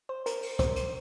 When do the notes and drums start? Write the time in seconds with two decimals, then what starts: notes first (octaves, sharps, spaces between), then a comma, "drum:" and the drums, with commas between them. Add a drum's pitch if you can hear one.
0.09 C5
0.26 A#4, drum: hi-hat
0.43 drum: open hi-hat
0.59 C5, drum: kick, hi-hat
0.76 drum: hi-hat